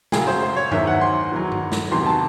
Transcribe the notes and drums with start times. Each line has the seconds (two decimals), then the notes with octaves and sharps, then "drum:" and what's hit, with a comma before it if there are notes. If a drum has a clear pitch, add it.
0.12 F#2 C#3 F#3 G#4, drum: snare
0.27 C5
0.42 C5
0.57 C#5
0.72 E2 D#3 F#3 E5, drum: tom G2
0.87 F#5
1.01 C6
1.32 E2 D#3 F#3
1.52 drum: tom G2
1.72 drum: snare
1.92 E2 C3 D#3 F#3 C6
2.06 A5